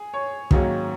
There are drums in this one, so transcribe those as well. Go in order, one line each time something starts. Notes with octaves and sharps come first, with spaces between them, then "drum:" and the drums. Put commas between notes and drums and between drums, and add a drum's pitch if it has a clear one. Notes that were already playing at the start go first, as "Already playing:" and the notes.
Already playing: G#4
C#5
G#2 D#3 F#3 A#3 C#4, drum: kick